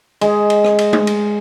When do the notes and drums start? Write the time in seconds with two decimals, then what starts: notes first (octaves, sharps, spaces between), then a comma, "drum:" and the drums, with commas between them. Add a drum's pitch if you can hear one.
0.21 G#3, drum: cymbal
0.50 drum: cymbal
0.64 drum: rim click
0.79 drum: cymbal
0.93 drum: tom G#3
1.07 drum: cymbal